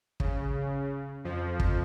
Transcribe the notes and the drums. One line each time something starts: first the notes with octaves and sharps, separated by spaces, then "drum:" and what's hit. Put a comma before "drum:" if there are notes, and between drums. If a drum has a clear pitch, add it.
C#3, drum: kick
F2 F3
drum: kick